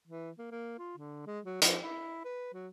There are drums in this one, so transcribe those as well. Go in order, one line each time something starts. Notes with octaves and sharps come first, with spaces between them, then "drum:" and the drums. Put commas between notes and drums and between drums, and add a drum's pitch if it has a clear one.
E3
A#3
A#3
F4
D3
G#3
F#3
F3, drum: hi-hat
E4
B4
F#3